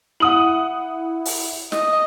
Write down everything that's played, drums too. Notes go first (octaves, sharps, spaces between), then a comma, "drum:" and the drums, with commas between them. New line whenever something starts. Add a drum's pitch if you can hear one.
E4 F#5 D#6 F#7
drum: open hi-hat
D#5, drum: snare